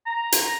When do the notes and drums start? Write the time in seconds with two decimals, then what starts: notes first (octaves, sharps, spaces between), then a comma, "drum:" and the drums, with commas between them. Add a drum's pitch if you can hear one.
0.06 A#5
0.32 drum: hi-hat